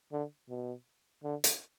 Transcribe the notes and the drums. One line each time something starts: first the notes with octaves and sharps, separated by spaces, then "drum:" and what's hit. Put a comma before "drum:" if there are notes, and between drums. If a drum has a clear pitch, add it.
D3
B2
D3
drum: hi-hat